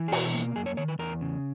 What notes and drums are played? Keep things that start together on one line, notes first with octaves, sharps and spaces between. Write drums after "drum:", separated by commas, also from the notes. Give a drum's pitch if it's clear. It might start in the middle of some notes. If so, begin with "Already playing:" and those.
Already playing: E3
G#4
B2 F#4, drum: open hi-hat
A#3
F#2 G#4
C#5
D#3 C#5
B4
E2 A#4
C#3